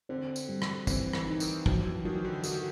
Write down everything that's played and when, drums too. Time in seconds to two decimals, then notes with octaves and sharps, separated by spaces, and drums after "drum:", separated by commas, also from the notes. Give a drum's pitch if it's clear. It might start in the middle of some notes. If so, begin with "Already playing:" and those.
0.09 D3 C4
0.36 drum: tambourine
0.49 G3
0.62 drum: rim click
0.87 E3 C4, drum: kick, tambourine
1.13 E3, drum: rim click
1.26 D#4
1.40 D#3, drum: tambourine
1.66 F3 F#3, drum: kick
1.85 E3
2.05 D#3 F#3
2.25 D3
2.44 D#3 F#4, drum: tambourine